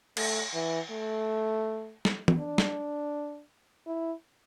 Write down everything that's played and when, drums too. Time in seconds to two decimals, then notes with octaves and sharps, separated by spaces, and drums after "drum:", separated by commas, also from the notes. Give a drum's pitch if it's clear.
0.17 A3, drum: cymbal
0.54 E3
0.91 A3
2.05 drum: snare
2.28 drum: tom E3
2.39 D4
2.58 drum: snare
3.87 E4